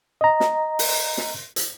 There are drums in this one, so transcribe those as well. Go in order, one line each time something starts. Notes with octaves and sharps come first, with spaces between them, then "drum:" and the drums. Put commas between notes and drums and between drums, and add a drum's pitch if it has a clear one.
D#5 A#5
drum: snare
drum: open hi-hat
drum: snare
drum: hi-hat